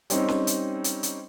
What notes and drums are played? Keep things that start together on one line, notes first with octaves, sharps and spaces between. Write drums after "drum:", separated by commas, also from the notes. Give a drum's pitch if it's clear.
G3 C4 C#4 D#4, drum: hi-hat
drum: snare C#4
drum: hi-hat
drum: hi-hat
drum: hi-hat